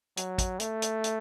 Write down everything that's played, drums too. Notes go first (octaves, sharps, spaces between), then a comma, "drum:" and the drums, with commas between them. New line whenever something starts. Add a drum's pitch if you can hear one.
F#3, drum: hi-hat
drum: kick, hi-hat
A3, drum: hi-hat
drum: hi-hat
drum: hi-hat